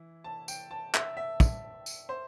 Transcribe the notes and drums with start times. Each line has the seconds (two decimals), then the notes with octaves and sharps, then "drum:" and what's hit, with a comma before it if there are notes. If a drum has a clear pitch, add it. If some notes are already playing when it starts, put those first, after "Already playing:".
Already playing: E3 E4
0.24 A5
0.48 G5, drum: tambourine
0.71 A5
0.94 E5, drum: clap
1.17 E5
1.40 drum: kick, tambourine
1.86 drum: tambourine
2.09 C5